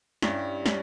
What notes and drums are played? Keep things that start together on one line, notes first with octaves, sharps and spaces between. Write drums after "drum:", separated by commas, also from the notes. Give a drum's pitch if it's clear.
G2 G3 C#4 E4 G4, drum: snare
G3 C#4, drum: snare